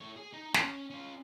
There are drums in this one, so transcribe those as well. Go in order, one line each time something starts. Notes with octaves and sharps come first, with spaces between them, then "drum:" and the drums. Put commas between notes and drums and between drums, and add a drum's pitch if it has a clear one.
A2 C#5
G#4
D#4
C#4, drum: snare
C#4 F4